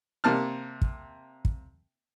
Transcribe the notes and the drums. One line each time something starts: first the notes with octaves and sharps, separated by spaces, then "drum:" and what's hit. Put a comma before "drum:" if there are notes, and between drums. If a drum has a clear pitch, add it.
C3 A#3 A5 F6
drum: kick
drum: kick